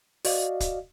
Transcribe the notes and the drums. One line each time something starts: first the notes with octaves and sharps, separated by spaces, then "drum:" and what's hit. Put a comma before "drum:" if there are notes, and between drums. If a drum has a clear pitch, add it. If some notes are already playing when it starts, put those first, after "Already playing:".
F#4 D5 D#5 F5, drum: open hi-hat
drum: kick, hi-hat